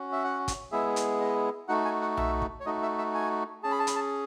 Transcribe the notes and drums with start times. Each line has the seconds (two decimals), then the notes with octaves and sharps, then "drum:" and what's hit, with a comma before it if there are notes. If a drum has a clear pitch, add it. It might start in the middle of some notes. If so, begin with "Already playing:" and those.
Already playing: C#4 F#4
0.12 E5
0.24 F#5
0.48 drum: kick, hi-hat
0.72 G#3 B3 E4 G#4 E5
0.96 drum: hi-hat
1.20 D#5
1.68 A3 D#4 F#4 F#5
1.85 G#5
2.02 F#5
2.17 E5, drum: tom B1
2.42 drum: kick
2.60 C#5
2.66 A3 D#4 F#4 D#5
2.82 E5
2.98 E5
3.14 G#5
3.63 C#4 G#4 A5
3.71 B5
3.79 A5
3.87 B5, drum: hi-hat
3.95 A5